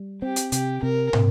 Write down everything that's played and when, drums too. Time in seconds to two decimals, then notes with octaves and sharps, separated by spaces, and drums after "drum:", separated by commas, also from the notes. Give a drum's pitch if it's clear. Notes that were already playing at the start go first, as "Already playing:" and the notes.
Already playing: G3
0.22 C4 G4
0.36 drum: hi-hat
0.52 C3 G4, drum: hi-hat
0.83 C3 A#4
1.13 C3, drum: tom